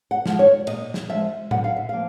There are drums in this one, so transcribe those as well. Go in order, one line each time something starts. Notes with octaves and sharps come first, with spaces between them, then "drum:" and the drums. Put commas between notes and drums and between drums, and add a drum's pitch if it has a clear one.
F#5
F3 G#3, drum: snare
C#5
A#2 D#5, drum: cymbal
drum: snare
F3 G#3 E5
D3 F#5, drum: tom A2
F5
E5
F3 A#3 F5